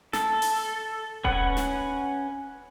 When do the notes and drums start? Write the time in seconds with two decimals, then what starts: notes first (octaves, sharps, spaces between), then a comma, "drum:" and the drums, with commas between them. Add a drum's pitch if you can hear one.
0.13 A4, drum: snare
0.42 drum: open hi-hat
1.24 C#4 B4 F#5, drum: kick D#1
1.57 drum: snare